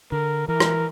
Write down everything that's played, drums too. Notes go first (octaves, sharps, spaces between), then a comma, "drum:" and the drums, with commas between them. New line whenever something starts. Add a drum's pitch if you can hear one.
D3 A#4
E3 A#4
drum: rim click